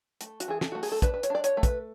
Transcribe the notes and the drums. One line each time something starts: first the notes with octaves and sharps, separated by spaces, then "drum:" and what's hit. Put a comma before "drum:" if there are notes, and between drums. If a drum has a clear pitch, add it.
A3, drum: hi-hat
F#4, drum: hi-hat
E3 G#4
A4, drum: snare
A3 F#4
G#4, drum: open hi-hat
A4
D4 B4, drum: kick, hi-hat
B4
C#5, drum: hi-hat
D4 D5
C#5, drum: hi-hat
A3
B4, drum: kick, hi-hat